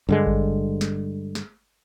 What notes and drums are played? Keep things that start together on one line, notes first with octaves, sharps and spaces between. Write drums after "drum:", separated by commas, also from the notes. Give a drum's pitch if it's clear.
G2 D3 G#3
drum: kick G#1
drum: snare
drum: snare